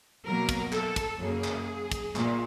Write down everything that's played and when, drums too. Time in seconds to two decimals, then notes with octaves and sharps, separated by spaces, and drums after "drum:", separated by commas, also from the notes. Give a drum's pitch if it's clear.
0.25 B2 F#3 A#3 A#4
0.49 drum: kick, hi-hat
0.72 A4, drum: clap
0.96 drum: kick, hi-hat
1.20 F#2 C#3 F#3 A#3 G#4
1.44 drum: clap
1.92 drum: kick, hi-hat
2.16 A#2, drum: clap